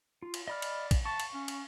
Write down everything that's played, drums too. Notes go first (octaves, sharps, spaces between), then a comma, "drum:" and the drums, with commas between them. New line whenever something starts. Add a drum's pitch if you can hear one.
F4
drum: cymbal
D5 D#5 B5 F6
drum: cymbal
drum: kick, cymbal
A5 C#6
drum: cymbal
C#4
drum: cymbal